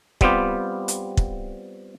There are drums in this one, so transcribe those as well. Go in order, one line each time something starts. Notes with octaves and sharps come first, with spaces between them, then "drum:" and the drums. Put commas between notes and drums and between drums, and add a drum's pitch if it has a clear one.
G3 B3 C4 F4 G4, drum: kick
drum: hi-hat
drum: kick